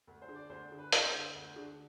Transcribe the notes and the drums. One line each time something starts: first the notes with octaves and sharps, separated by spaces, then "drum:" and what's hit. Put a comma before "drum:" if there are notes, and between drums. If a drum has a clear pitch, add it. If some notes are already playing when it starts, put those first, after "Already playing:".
D2
C5
D3
D5
D2 C5
D3
B4
D2 C5, drum: hi-hat
D3
D2
D3